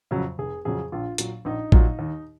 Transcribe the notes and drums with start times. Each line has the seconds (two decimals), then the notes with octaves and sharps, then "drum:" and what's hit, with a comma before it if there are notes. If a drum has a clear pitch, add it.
0.11 F2 C#3 F#3
0.38 F1 G#4
0.65 F2 C#3 F#3 G#4
0.92 A#1 F4
1.18 A#2 F#3, drum: hi-hat
1.45 A#1 D#4
1.72 A#2 F#3, drum: kick A1
1.99 D#2